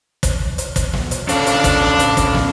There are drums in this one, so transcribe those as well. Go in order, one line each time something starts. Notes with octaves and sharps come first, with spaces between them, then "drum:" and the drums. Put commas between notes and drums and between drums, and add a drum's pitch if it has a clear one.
drum: kick, hi-hat
drum: hi-hat
drum: kick, hi-hat
drum: snare
drum: hi-hat
C#4 D4 A4 F5, drum: hi-hat
drum: hi-hat
drum: kick, hi-hat
drum: hi-hat
drum: kick, hi-hat
drum: snare